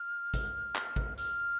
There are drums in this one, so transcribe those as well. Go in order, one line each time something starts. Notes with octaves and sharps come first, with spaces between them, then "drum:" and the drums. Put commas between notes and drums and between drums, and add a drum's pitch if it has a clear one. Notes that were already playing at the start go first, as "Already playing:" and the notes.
Already playing: F6
drum: kick G#1, hi-hat
drum: clap
drum: kick G#1
F6, drum: hi-hat